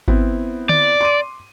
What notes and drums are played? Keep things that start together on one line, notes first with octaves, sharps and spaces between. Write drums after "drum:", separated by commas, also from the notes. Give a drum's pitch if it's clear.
B3 C4 E4, drum: kick G#1
D5, drum: tom D3
C6 D6 D#7